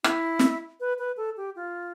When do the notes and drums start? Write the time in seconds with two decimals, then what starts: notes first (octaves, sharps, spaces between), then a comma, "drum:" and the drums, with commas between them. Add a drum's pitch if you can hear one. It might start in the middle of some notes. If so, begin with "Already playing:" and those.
0.04 E4, drum: rim click
0.39 drum: snare
0.80 B4
0.99 B4
1.17 A4
1.37 G4
1.56 F4